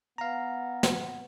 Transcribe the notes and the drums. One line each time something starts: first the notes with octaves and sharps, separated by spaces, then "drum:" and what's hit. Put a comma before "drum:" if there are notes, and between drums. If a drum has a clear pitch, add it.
B3 F5 A#5
drum: snare